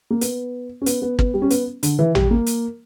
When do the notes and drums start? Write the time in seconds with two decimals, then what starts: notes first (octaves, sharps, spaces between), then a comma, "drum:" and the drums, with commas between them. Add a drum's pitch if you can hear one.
0.10 A#3
0.21 B3, drum: hi-hat
0.82 C#4
0.86 B3, drum: hi-hat
1.02 B3
1.19 B3, drum: kick
1.34 G3
1.42 C#4
1.50 B3, drum: hi-hat
1.83 D3, drum: hi-hat
1.99 E3
2.15 G3, drum: tom A1
2.31 A#3
2.46 drum: hi-hat